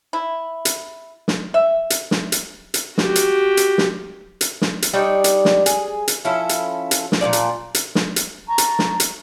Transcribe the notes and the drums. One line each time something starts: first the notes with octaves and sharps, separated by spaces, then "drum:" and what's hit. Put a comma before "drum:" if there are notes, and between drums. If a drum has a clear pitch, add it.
E4
drum: hi-hat
drum: snare
E5
drum: hi-hat
drum: snare
drum: hi-hat
drum: hi-hat
F#4 G4, drum: snare
drum: hi-hat
drum: hi-hat
drum: snare
drum: hi-hat
drum: snare
drum: hi-hat
G3 D4 D#4 C#5
drum: hi-hat
drum: snare
G#4, drum: hi-hat
drum: hi-hat
F3 C#4 E4 A4
drum: hi-hat
drum: hi-hat
drum: snare
A#2 C#3 F3 D5
drum: hi-hat
drum: hi-hat
drum: snare
drum: hi-hat
A5 A#5 C#6
drum: hi-hat
drum: snare
drum: hi-hat